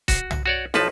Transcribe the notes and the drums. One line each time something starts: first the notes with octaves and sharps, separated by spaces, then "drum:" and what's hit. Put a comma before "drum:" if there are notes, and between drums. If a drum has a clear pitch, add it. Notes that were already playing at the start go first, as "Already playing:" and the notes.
F#4, drum: kick C#1, hi-hat
drum: tom
F#4 C#5 D5
B1 F3 D#4 B4 A5, drum: snare